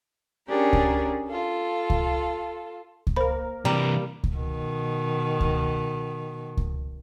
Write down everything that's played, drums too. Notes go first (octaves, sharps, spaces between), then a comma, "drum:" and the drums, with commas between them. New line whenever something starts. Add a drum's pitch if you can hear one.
C#4 D4 G4 G#4 A#4
drum: kick C#2
F4 A4
drum: kick C#2
drum: kick C#2
A#3 A#4 C5 B5
C3 E3 G3 A#5
drum: kick C#2
B2 D#3
drum: kick C#2
drum: kick C#2